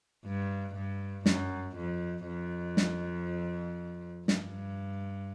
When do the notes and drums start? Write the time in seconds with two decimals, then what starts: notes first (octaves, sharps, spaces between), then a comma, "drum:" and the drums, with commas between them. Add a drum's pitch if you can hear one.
0.25 G2
0.75 G2
1.26 F#2, drum: snare
1.76 F2
2.27 F2
2.77 drum: snare
4.28 G2, drum: snare